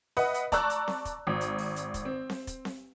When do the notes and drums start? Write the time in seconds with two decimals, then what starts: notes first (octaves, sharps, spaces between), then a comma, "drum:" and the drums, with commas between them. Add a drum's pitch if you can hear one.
0.17 B4 D#5 E5 F#5, drum: open hi-hat
0.34 drum: hi-hat
0.52 D5 A5 A#5 C#6 E6 F#6, drum: kick, hi-hat
0.70 drum: hi-hat
0.88 drum: snare C4
1.05 drum: kick, hi-hat
1.27 G#1
1.41 drum: hi-hat
1.59 drum: open hi-hat
1.76 drum: hi-hat
1.94 drum: kick, hi-hat
2.05 C4
2.30 drum: snare C4
2.47 drum: kick, hi-hat
2.65 drum: snare C4